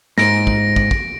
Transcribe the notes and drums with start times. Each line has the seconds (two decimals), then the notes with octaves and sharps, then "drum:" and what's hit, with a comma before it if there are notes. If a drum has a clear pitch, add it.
0.18 G#2 A#6 D7, drum: snare
0.47 drum: kick
0.76 drum: kick
0.91 drum: kick